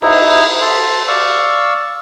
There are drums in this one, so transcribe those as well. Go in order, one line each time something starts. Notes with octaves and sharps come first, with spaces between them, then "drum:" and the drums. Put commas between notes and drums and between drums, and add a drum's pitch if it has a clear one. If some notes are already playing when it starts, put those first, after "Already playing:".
D#4 E4, drum: cymbal
A4 C6
D5 F5 C#6 E6